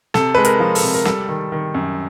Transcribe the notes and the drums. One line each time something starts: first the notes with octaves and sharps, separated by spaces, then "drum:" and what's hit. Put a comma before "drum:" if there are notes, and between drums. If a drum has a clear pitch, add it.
C3 A4, drum: snare
G#3 B4
A#4, drum: hi-hat
F3
A4, drum: open hi-hat
C3
A#4
G3 A4, drum: snare
D#3
D#3
F#2